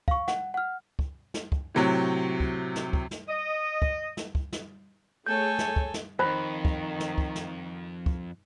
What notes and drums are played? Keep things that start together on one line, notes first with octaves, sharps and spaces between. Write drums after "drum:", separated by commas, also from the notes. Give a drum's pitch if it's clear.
F5 C#6, drum: kick
F#5, drum: snare
F#5 F6
drum: kick
drum: snare
drum: kick
A2 C3 F#3
drum: kick
drum: snare
drum: kick
drum: snare
D#5
drum: kick
drum: snare
drum: kick
drum: snare
A3 G#4 A4 C#5 G#5 G6
drum: snare
drum: kick
drum: snare
F2 D#3 C5 B5
drum: kick
drum: snare
drum: kick
drum: snare
drum: kick